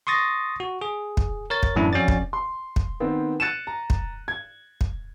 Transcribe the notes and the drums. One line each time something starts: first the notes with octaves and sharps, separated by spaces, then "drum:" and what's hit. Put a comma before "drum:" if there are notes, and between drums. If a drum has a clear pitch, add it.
C6 C#6 D#6 A6 A#6
F#4
G#4
drum: kick
A#4 C#5 A6
drum: kick
F#2 A2 E3 C#4 D4 E4
F2 C#4 F#4 D5 A6
drum: kick
C6
drum: kick
D#3 B3 C4
F#6 A6 C#7 D#7 E7
A#5
drum: kick
G#6
drum: kick